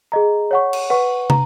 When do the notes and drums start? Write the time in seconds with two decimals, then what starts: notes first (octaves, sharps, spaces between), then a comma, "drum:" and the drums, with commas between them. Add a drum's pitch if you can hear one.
0.12 G#4 D#5 A#5
0.51 C#5 F#5 C#6
0.73 drum: cymbal
0.90 B4 F#5 C#6
1.30 A#5, drum: tom